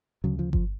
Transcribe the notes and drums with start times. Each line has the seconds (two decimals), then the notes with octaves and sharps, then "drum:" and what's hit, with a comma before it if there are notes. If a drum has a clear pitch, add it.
0.24 D2 C#3 F#3
0.39 F3
0.53 F3, drum: kick G1